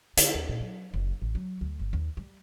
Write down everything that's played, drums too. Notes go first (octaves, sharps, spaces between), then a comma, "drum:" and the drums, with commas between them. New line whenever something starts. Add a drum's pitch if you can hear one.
D3, drum: hi-hat
D#2
A#2
F#3
F#1
A1
F#3
D2
G1
D#2
G3